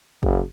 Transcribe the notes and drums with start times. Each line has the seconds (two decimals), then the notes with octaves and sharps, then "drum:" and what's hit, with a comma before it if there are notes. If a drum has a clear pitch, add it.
0.23 F#1, drum: kick